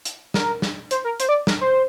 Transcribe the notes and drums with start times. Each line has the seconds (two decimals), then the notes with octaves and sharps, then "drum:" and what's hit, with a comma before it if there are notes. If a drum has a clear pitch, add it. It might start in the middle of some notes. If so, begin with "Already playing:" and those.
0.05 drum: hi-hat
0.34 A#4, drum: snare
0.62 drum: snare
0.91 C5, drum: hi-hat
1.05 A#4
1.20 C5, drum: hi-hat
1.29 D5
1.47 A#4, drum: snare
1.61 C5